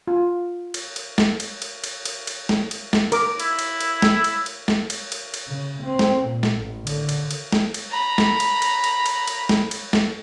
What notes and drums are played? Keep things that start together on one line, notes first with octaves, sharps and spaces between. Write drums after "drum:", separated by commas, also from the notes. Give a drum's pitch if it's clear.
F4
drum: cymbal
drum: cymbal
drum: snare
drum: cymbal
drum: cymbal
drum: cymbal
drum: cymbal
drum: cymbal
drum: snare
drum: cymbal
drum: snare
A#4 D6, drum: cymbal
E4, drum: cymbal
drum: cymbal
drum: cymbal
drum: snare
drum: cymbal
drum: cymbal
drum: snare
drum: cymbal
drum: cymbal
drum: cymbal
C#3
C4
drum: snare
A#2
drum: snare
A1
D3, drum: cymbal
drum: cymbal
drum: cymbal
drum: snare
drum: cymbal
A#5 B5
drum: snare
drum: cymbal
drum: cymbal
drum: cymbal
drum: cymbal
drum: cymbal
drum: snare
drum: cymbal
drum: snare